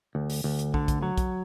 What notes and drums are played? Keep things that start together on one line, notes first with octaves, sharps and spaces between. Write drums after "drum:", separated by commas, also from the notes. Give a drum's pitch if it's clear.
D2
drum: open hi-hat
D2
drum: hi-hat
D3, drum: kick
drum: kick, hi-hat
F#3
drum: kick, hi-hat